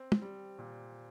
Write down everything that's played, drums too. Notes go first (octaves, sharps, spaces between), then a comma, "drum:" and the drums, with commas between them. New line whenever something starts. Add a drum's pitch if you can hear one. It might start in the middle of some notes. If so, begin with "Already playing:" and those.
Already playing: C4
drum: tom
G3
A#2